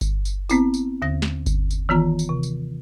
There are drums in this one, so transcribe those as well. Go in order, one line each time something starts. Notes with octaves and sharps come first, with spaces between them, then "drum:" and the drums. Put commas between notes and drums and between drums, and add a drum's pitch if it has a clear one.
drum: kick G1, tambourine
drum: tambourine
B3 C4 E4, drum: tambourine
drum: tambourine
D#2 D3 A#6
drum: snare
drum: kick G1, tambourine
drum: tambourine
D#3 E3 B3 F4 A#5
drum: tambourine
C3
drum: tambourine